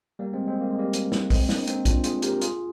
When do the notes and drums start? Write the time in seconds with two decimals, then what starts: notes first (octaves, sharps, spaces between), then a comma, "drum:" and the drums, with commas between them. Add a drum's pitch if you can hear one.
0.19 G3 A#3
0.33 G#3 C4
0.47 G#3 C4
0.61 A#3
0.70 G#3
0.79 G3 A#3
0.93 drum: hi-hat
1.12 drum: snare
1.30 G#3 C4, drum: kick, open hi-hat
1.49 A#3 D4, drum: snare
1.67 C4 D#4, drum: hi-hat
1.85 D4 F4, drum: kick, hi-hat
2.04 F4 G#4, drum: hi-hat
2.22 G4 A#4, drum: hi-hat
2.34 A#4
2.41 F4 G#4, drum: hi-hat